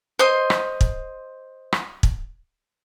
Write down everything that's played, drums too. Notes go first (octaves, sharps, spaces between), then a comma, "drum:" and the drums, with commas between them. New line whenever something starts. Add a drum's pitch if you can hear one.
C5 D#5 C6
drum: rim click
drum: kick
drum: rim click
drum: kick